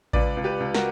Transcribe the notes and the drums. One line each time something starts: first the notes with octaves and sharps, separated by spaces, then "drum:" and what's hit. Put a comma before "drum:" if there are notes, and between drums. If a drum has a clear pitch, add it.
C#2 B4 D5, drum: kick A1
C#2
G4 B4
C#2
F#4 A#4, drum: snare